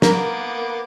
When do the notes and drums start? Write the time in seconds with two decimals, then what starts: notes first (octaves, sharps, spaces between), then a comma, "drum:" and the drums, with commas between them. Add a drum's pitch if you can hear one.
0.02 A#3 B3 A#4 D6, drum: snare